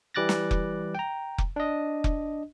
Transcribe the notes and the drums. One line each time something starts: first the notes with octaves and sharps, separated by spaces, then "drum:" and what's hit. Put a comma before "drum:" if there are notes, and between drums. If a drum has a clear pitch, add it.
E3 G3 D6 F#6 A6 A#6
drum: snare
drum: kick F1
G5 A#5
drum: kick F1
D4 D#5
drum: kick F1